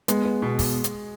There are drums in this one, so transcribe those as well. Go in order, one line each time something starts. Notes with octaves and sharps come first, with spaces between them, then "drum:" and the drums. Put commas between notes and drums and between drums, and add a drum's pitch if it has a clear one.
G#3 B3, drum: hi-hat
B3
B2
drum: kick, open hi-hat
drum: hi-hat